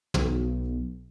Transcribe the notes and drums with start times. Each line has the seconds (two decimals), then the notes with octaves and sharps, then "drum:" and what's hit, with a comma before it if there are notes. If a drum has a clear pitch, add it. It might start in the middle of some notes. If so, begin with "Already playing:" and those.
0.14 B1, drum: tom